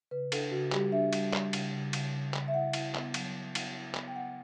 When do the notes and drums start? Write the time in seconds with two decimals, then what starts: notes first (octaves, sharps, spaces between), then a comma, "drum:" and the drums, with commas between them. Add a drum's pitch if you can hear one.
0.11 C#3 B4
0.32 D4 A4, drum: cymbal
0.52 C#3 F#4
0.72 G3 G4, drum: clap
0.92 D4 E5
1.13 G3, drum: cymbal
1.33 G3, drum: clap
1.53 C#3, drum: cymbal
1.73 C#3
1.93 C#3, drum: cymbal
2.14 C#3
2.34 C#3, drum: clap
2.48 E5
2.54 E4 F#5
2.73 E4, drum: cymbal
2.94 B3, drum: clap
3.14 F#3, drum: cymbal
3.35 F#3
3.55 B3, drum: cymbal
3.75 E4
3.95 B3, drum: clap
4.08 G5
4.16 B3 F#5